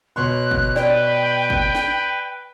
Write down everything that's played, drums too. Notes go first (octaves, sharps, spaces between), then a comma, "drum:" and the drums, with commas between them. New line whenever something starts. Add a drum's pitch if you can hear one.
B2 C#5 C6 F#6
drum: kick G1
B4 D5 G5, drum: snare
drum: kick G1
drum: snare